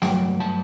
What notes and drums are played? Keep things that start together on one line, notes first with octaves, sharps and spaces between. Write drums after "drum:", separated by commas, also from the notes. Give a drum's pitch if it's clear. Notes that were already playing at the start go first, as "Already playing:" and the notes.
G2 F#3 A3 G5, drum: snare
A5